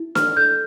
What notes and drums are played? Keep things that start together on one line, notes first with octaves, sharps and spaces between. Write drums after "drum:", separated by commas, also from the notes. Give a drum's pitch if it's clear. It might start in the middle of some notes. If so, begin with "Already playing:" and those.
Already playing: E4
F6, drum: snare
A4 G6